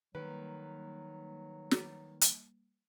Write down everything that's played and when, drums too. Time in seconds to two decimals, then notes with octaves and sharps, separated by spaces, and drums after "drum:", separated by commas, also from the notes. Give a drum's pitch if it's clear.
0.15 D#3 F#3 G3 A#3 B4
1.71 drum: snare
2.21 drum: hi-hat